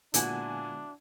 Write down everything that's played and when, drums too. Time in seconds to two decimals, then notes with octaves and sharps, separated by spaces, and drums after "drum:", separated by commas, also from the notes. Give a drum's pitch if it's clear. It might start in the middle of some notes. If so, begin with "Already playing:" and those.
0.14 A#2 D3 G#3 B3 D4 E4 F#4 G#5, drum: hi-hat